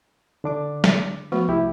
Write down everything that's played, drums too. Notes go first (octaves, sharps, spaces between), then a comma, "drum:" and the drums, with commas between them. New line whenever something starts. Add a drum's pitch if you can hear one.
D3 D4 D6
drum: snare
F3 A3 B3 F#4
C2 E4 G4